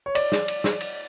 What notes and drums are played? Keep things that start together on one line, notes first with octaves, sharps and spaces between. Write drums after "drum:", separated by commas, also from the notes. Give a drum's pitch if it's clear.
C#5
D5, drum: cymbal
drum: snare
drum: cymbal
drum: snare
drum: cymbal